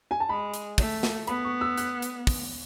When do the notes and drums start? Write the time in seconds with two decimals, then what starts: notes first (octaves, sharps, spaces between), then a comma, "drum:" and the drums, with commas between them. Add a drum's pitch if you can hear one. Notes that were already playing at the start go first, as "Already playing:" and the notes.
0.11 G#5
0.20 A5
0.29 G#3 B5
0.54 drum: hi-hat
0.78 A3, drum: kick, open hi-hat
1.03 drum: snare
1.27 B3 B5, drum: hi-hat
1.45 C#6
1.61 E6
1.77 F#6, drum: hi-hat
2.02 drum: hi-hat
2.27 drum: kick, open hi-hat